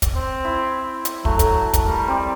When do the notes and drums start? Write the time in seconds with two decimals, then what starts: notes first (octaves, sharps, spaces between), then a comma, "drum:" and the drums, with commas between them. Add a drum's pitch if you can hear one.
0.02 drum: kick, hi-hat
0.15 C4
0.45 E4
1.05 drum: hi-hat
1.25 F#3 A3, drum: kick
1.39 drum: kick, hi-hat
1.73 drum: kick, hi-hat
1.85 G3 A#4
2.08 C4 D5